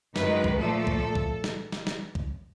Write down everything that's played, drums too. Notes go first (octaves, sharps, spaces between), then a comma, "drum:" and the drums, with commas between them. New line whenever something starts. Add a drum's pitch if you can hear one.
F#2 D#3 G#3 B4, drum: snare
drum: kick
A#2 F3 A3 A4
drum: kick
drum: kick
drum: snare
drum: snare
drum: snare
drum: kick